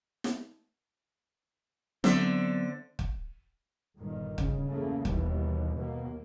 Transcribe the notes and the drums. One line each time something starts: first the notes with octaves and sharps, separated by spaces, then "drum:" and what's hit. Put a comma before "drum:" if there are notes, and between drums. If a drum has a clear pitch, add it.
drum: snare
D3 F#3 B3 C4 C5 E5, drum: snare
drum: kick
G1 A#2 D#3
C#3, drum: kick
E2 A3 A#3
D#2 B2 E3 G3, drum: kick
D#2 B2 A#3